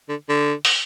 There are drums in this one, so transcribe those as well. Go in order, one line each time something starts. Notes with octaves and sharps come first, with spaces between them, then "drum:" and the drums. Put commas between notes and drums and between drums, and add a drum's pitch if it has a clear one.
D3
D3
drum: open hi-hat